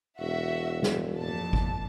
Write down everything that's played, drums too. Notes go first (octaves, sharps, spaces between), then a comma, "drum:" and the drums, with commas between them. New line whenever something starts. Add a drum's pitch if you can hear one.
E1 F#4 E5
drum: snare
F2 A#2 A5
drum: kick G#1